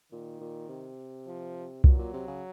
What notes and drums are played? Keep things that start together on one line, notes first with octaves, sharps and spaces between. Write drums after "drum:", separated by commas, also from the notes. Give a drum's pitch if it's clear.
A#2 D#3
A#2
C3
F3
A#2 F#3, drum: kick C2
A#2
C3
C#3